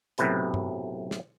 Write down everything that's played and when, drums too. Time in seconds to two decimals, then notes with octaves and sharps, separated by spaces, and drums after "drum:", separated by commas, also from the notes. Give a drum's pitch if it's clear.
0.18 B1 F#2 A2 C3 B4 A5, drum: hi-hat
0.54 drum: tom G2
1.11 drum: snare